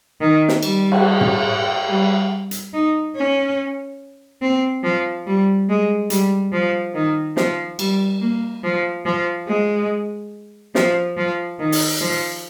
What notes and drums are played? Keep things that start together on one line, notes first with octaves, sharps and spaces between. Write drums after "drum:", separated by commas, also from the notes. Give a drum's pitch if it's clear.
D#3
drum: snare
G3, drum: cymbal
drum: cymbal
drum: tom
G3
drum: hi-hat
D#4
C#4
C4
F3
G3
G#3
G3, drum: hi-hat
F3
D#3
F3, drum: snare
G3, drum: cymbal
A#3
F3
F3
G#3
F3, drum: snare
F3
D#3
drum: open hi-hat
F3